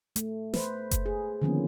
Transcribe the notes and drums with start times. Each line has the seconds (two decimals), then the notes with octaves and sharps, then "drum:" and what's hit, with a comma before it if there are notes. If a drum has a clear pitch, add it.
0.16 A3, drum: hi-hat
0.54 B4 C5, drum: snare
0.91 drum: kick F#1, hi-hat
1.06 G#4
1.42 D3 D#3 F3 A#3 B3 C#4